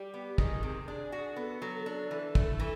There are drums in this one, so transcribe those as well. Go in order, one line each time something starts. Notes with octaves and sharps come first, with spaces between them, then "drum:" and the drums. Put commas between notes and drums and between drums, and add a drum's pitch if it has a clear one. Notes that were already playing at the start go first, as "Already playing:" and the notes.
Already playing: G3 G4
B3
D#3 G#4, drum: kick
C3
D4 G#4
F#4
B3 A4
F#3
D4
E3
A3 A4, drum: kick
E3